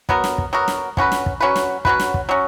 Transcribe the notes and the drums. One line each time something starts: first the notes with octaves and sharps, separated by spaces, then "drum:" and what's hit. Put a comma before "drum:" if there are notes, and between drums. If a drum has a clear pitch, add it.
F#3 B3 F#4 A#4, drum: kick
drum: snare
drum: kick
F#3 B3 F#4 A#4
drum: snare
F#3 C#4 F#4 B4, drum: kick
drum: snare
drum: kick
F#3 C#4 F#4 B4
drum: snare
F#3 C#4 F#4 B4, drum: kick
drum: snare
drum: kick
F#3 C#4 F#4